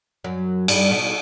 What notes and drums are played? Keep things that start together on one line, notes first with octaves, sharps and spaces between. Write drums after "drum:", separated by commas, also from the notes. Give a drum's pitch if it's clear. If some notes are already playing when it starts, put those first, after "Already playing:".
F#2 F#3
G2 G3, drum: cymbal
B2 B3